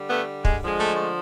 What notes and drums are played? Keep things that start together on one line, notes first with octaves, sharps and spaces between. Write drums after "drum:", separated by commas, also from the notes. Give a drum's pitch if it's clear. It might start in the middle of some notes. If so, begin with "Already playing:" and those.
Already playing: D3 G3
A3 B3
G#3, drum: kick
D3 F3 G#3
A3
A3